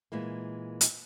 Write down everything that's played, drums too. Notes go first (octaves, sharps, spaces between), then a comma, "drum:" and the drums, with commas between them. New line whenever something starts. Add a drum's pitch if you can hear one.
A#2 E3 G#3 A#3
drum: hi-hat